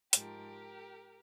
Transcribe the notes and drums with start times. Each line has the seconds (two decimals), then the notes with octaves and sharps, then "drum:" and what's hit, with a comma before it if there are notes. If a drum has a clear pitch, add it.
0.13 G#2 F3 G4 A#4, drum: hi-hat